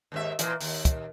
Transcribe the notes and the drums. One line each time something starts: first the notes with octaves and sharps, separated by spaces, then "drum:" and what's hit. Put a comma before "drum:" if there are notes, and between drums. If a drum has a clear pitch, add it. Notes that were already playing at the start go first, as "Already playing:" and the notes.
D#2 G#2 E5
A#2 E3, drum: hi-hat
D#2, drum: open hi-hat
drum: kick, hi-hat